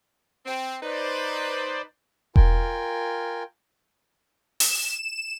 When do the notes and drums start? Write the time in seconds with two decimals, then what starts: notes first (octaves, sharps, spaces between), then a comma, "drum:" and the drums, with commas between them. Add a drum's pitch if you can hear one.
0.46 C4
0.83 D#4 B4 C5 D5
2.36 F4 A#4 G5 G#5, drum: kick E1
4.60 E7, drum: open hi-hat